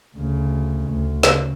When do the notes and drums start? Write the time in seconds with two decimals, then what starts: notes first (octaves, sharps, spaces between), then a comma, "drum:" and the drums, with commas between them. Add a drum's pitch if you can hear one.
0.17 D2 C#3
0.90 D2
1.23 C#3, drum: snare